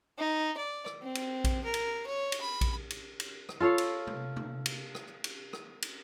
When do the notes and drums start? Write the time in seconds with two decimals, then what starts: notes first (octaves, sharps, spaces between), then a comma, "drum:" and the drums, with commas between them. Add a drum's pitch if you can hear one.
0.19 D#4
0.57 D5
0.86 drum: rim click
1.03 C4
1.15 drum: cymbal
1.44 drum: kick A#1, cymbal
1.64 A#4
1.74 drum: cymbal
2.06 C#5
2.32 drum: cymbal
2.41 B5
2.61 drum: kick A#1, cymbal
2.90 drum: cymbal
3.20 drum: cymbal
3.49 drum: rim click
3.60 F4 A4 C#5 F5
3.78 drum: cymbal
4.07 drum: tom
4.36 drum: tom
4.66 drum: cymbal
4.95 drum: rim click
5.24 drum: cymbal
5.53 drum: rim click
5.82 drum: cymbal